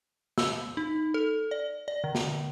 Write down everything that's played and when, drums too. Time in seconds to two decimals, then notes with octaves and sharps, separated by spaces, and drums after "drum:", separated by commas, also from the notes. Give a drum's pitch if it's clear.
0.38 E6, drum: snare
0.77 D#4
1.14 A4
1.51 D5
1.88 D5
2.04 D3
2.15 drum: snare